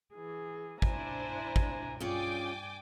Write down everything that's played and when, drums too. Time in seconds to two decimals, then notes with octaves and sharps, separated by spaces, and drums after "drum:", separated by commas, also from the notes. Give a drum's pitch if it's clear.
0.13 E3 G#4
0.82 D4 E4 C5 G#5 A#5, drum: kick
1.56 drum: kick
2.00 G2 C#4 F4 G#4 D5 G5 G#5 D6